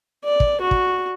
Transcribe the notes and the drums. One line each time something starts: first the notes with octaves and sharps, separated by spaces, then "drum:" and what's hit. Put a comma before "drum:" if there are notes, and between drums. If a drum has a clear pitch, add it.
D5
drum: kick
F#4
drum: kick